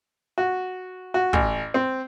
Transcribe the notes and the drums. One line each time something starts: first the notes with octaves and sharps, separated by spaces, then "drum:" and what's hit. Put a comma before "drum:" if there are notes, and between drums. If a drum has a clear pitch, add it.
F#4
F#4
A1, drum: kick
C4